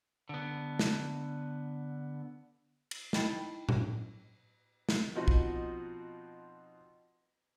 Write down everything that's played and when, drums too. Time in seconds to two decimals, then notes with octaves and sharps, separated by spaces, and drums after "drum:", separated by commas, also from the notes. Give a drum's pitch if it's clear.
0.29 D3 B3
0.79 drum: snare
2.91 drum: cymbal
3.13 D#4 E4 D#5 G5 B5, drum: snare
3.69 drum: tom A2
4.89 drum: snare
5.15 B2 F3 C4 D#4 F#4 D#5
5.28 drum: kick